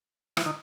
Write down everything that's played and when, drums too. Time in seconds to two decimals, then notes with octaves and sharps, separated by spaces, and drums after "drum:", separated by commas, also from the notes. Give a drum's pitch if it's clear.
0.37 E3 E4, drum: rim click
0.46 D#3 D#4